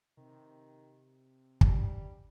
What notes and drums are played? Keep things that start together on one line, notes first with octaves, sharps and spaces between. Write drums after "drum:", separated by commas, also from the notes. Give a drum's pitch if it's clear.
C3 D#3
G3 D4, drum: kick